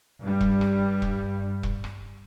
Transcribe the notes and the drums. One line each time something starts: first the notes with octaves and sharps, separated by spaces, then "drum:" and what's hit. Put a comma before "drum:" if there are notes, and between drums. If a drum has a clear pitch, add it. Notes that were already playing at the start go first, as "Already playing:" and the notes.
G2 G3
drum: kick E1
drum: rim click
drum: kick E1
drum: kick E1
drum: rim click